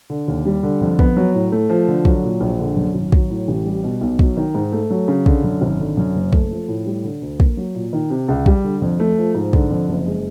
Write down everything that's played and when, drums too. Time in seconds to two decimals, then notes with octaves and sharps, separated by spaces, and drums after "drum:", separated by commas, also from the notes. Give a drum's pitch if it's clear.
0.10 D3
0.28 D#2
0.45 G3
0.63 D3
0.81 F2
0.99 B3, drum: kick
1.16 F#3
1.34 A2
1.52 A3
1.70 F3
1.88 D3
2.05 F#3, drum: kick
2.23 A#2
2.41 A#1
2.59 D3
2.76 F#2
2.94 G#1
3.12 F#3, drum: kick
3.30 A2
3.48 A1
3.65 G3
3.84 B2
4.01 B1
4.19 F#3, drum: kick
4.37 D#3
4.54 G#2
4.72 A3
4.90 F#3
5.08 C#3
5.26 D3, drum: kick
5.44 F#2
5.61 G#1
5.79 D3
5.97 F#2
6.15 F#1
6.33 A3, drum: kick
6.50 F3
6.68 A2
6.86 G3
7.04 D3
7.22 D2
7.40 A#3, drum: kick
7.57 F#3
7.75 A#2
7.93 D#3
8.10 C3
8.28 C#2
8.46 G3, drum: kick
8.64 D3
8.82 F2
9.00 A3
9.18 F3
9.35 G#2
9.53 D3, drum: kick
9.70 F2
9.89 F#1
10.06 G#3